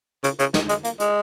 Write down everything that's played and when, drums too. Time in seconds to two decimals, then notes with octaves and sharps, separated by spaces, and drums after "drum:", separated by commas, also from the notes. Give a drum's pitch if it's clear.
0.24 C#3, drum: hi-hat
0.39 C#3, drum: hi-hat
0.54 D#3, drum: snare
0.69 G#3, drum: hi-hat
0.84 A#3, drum: hi-hat
1.00 G#3, drum: hi-hat